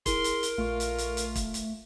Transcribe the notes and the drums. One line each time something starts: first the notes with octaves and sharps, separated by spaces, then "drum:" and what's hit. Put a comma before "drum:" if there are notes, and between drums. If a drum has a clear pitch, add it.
E4 G#4 A#4 C6, drum: kick, hi-hat
drum: hi-hat
drum: hi-hat
A#1 A3 F4 C#6
drum: hi-hat
drum: hi-hat
drum: hi-hat
drum: kick, hi-hat
drum: hi-hat